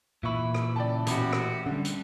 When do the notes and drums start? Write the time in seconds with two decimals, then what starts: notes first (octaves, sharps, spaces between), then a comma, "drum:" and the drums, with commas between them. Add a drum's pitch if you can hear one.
0.23 A#2 E3 E4 E5 C#6
0.54 drum: rim click
0.76 C#3 D5 G5 A5
1.07 A1 B2 F#4 G4 B5, drum: hi-hat
1.33 drum: rim click
1.66 D3 G3 C#4
1.85 drum: hi-hat